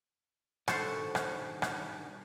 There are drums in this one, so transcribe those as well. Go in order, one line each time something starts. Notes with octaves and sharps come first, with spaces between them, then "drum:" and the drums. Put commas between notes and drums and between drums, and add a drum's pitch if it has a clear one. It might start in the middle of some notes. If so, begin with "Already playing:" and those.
G2 B2 D#3 A4 C5 C#6 F#6, drum: rim click
drum: rim click
drum: rim click